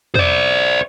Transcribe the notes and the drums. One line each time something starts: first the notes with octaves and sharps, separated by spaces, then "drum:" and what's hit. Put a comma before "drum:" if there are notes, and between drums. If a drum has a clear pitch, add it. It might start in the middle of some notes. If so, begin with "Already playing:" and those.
C5 D5, drum: tom E2